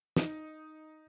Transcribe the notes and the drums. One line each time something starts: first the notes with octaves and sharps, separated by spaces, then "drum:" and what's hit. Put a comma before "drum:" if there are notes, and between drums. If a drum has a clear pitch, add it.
D#4, drum: snare